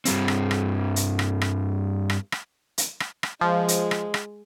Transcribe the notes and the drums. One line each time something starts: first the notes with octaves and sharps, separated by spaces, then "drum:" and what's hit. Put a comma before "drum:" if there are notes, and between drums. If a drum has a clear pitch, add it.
G2 G3 C4, drum: hi-hat
drum: rim click
drum: rim click
drum: hi-hat
drum: rim click
drum: rim click
drum: rim click
drum: rim click
drum: hi-hat
drum: rim click
drum: rim click
F3 G#3
drum: hi-hat
drum: rim click
drum: rim click